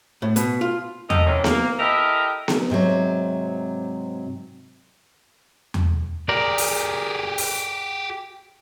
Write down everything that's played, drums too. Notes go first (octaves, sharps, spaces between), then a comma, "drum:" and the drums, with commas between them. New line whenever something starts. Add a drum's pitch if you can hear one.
A2
B2, drum: hi-hat
F4
F#2 G4 A4 A#4 D#5, drum: tom E2
C3 D#3 E3 A#3 C4 C#4
A#3, drum: snare B3
E4 G4 A4 A#4 D#5 E5
drum: snare B3
G#2 C3 F3 F#3
drum: tom E2
G4 G#4 A#4 D5
drum: open hi-hat
drum: open hi-hat